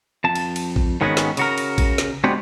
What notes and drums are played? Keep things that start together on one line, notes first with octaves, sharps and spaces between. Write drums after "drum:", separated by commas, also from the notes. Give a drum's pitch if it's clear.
F2 A5
drum: cymbal
drum: cymbal
drum: kick
G#2 D#3 G#3 B3 C#4 F#4
drum: snare
C#3 F#4 A#4, drum: cymbal
drum: cymbal
drum: kick, cymbal
drum: snare
G#3 B3 C4 D4 F#4 G4